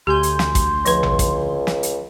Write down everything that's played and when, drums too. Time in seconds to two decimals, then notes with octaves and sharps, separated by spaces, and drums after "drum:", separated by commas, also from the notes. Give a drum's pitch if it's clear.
0.07 D2 G4 G#5 C6 G6
0.23 drum: hi-hat
0.39 drum: snare
0.55 drum: kick, hi-hat
0.85 C#2 F3 B4, drum: hi-hat
1.03 drum: tom A1
1.19 drum: kick, hi-hat
1.67 drum: snare
1.83 drum: hi-hat